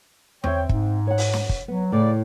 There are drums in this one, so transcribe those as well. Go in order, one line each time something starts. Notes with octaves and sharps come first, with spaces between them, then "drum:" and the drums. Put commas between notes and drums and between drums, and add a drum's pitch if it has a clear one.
C4 C#5 E5 G5, drum: tom E2
G#2, drum: kick
C#5 F#5
drum: open hi-hat
drum: snare
drum: kick
F#3 B3
A2 C#3 D5